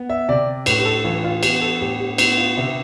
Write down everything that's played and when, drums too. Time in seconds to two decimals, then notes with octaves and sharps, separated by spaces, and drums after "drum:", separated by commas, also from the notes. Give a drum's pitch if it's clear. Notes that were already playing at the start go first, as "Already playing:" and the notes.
Already playing: B3
0.10 E5
0.29 C3 D5
0.66 A2 B4, drum: cymbal
0.79 G4
0.85 A4
1.04 E3 F4
1.24 F4
1.43 B3 G4, drum: cymbal
1.61 A4
1.81 A2 G4
2.00 G4
2.18 B3 E4, drum: cymbal
2.38 F4
2.57 C3 E5